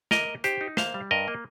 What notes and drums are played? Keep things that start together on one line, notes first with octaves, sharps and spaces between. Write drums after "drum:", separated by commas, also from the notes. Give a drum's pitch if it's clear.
A#3 A#4 D#5, drum: snare
A#3
D#4 G4 C5, drum: hi-hat
D#4
A#3 C5 F5, drum: snare
G3
G2 A#4 D#5
A#3